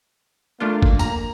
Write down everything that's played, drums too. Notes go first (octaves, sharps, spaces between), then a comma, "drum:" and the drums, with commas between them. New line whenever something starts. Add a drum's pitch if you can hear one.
A3 A#3 D4 F4
drum: kick G1
A#5, drum: tambourine